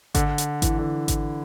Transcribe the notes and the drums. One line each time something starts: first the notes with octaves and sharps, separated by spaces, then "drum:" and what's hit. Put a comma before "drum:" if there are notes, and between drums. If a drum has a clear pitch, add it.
D3, drum: kick G#1, hi-hat
drum: hi-hat
E3, drum: kick G#1, hi-hat
D3
drum: kick G#1, hi-hat